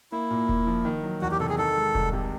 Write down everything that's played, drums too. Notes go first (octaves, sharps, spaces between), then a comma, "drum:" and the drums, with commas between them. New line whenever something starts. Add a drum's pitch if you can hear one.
A#3 E4
A#2
A#2, drum: kick E1
F3
D#3
F#3
E2 F#4
G4
C3 A4
G#4
D#3 A4
G#3
C2, drum: kick E1
C3